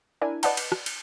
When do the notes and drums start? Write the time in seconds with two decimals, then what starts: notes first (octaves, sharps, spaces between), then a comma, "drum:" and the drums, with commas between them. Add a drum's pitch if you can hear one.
0.22 D4 E4 A#4 G#5
0.43 B4 D5 D#5 F#5 A5, drum: cymbal
0.57 drum: cymbal
0.72 drum: rim click
0.86 drum: cymbal